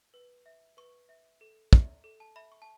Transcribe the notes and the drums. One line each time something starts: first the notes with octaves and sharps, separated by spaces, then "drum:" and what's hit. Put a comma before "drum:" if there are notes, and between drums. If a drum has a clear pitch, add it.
B4
E5
B4 C#6
E5
A4
E5, drum: kick
A4
A5
E5 B5
C#6
A5